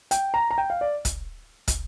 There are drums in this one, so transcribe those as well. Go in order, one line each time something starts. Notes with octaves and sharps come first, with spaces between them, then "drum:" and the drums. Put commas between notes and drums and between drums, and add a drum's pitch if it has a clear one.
G5, drum: hi-hat
A#5
A#5
G5
F5
D5
drum: kick, hi-hat
drum: kick, hi-hat